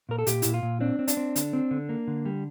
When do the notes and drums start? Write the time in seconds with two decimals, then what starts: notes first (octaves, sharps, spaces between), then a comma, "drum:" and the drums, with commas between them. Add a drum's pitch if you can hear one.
0.09 A#2 A#4
0.19 A4
0.27 A#2 G4, drum: hi-hat
0.42 A#2 E4, drum: hi-hat
0.54 F4
0.63 A#2
0.81 C4 D4
0.99 C4
1.08 D4, drum: hi-hat
1.17 C4
1.36 D3, drum: hi-hat
1.53 C4
1.71 D3
1.89 A#3
2.08 D3
2.26 G3